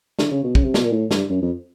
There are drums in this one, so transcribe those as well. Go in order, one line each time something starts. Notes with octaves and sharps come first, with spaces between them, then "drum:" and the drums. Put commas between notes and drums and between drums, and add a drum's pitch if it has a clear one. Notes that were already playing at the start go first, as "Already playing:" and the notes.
D3, drum: snare
C#3
B2
C#3, drum: kick
C3
B2, drum: snare
A#2
A2
G2, drum: snare
F#2
F2